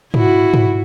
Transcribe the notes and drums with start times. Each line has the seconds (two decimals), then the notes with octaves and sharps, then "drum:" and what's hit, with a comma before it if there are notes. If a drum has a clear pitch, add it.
0.14 E4 F#4, drum: tom G#2
0.54 drum: tom G#2